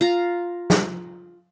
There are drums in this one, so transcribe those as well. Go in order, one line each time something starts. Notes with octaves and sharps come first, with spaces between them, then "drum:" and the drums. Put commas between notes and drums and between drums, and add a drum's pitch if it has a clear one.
F4 A#5
drum: snare